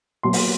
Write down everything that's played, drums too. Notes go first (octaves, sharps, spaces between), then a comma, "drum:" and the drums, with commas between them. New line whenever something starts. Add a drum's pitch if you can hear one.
B2 F#3 A#3 C6
drum: open hi-hat